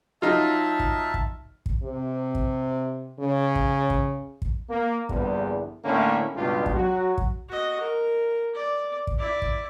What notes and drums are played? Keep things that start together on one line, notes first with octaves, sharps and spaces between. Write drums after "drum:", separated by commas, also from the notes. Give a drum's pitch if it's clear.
F#3 D#4 F4 E5 A5
drum: kick
drum: kick
drum: kick
C3
drum: kick
C#3
drum: kick
drum: kick
drum: kick
A#3
A#1 E2 G2 D3 E3 G3, drum: kick
A2 D3 A3 A#3 C#4 E4
C#2 G2 B2 D4 F4 G4
drum: kick
F#3 F#4
drum: kick
F#4 D#5
A#4
D5
drum: kick
E4 D5
drum: kick